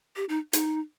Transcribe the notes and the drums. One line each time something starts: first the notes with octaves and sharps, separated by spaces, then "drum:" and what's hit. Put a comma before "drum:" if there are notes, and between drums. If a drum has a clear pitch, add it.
G4
D#4
D#4, drum: hi-hat